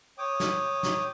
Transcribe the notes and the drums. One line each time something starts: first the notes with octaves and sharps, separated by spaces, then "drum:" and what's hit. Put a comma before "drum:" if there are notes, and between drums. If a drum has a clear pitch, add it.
C#5 G5 D6 D#6
drum: snare
drum: snare